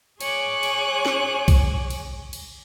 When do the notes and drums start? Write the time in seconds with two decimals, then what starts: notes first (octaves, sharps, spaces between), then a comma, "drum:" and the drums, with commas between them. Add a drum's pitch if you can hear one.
0.21 G#4 C#5 G#5 C#6 D6 F#6, drum: cymbal
0.63 drum: cymbal
1.05 drum: snare
1.48 drum: kick, cymbal
1.90 drum: cymbal
2.33 drum: cymbal